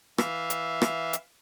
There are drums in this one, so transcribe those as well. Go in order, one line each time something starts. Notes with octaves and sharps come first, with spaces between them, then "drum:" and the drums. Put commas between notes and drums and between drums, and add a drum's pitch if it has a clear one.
E3 E5 F5, drum: rim click
drum: hi-hat
drum: rim click
drum: hi-hat